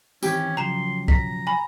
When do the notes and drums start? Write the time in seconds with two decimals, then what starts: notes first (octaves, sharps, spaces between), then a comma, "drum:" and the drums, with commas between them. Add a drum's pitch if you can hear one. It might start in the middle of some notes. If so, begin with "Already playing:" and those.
0.23 D#3 E3 C4 C#4 G4, drum: tambourine
0.57 C#3 F3 F#3 A#5 C6 E7
1.08 A#5 B6, drum: kick
1.47 G#5 B5